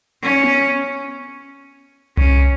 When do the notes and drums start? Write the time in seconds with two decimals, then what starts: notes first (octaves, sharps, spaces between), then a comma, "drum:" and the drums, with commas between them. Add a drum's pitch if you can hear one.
0.22 C#4
0.44 drum: tom B3
2.17 C#4, drum: tom C2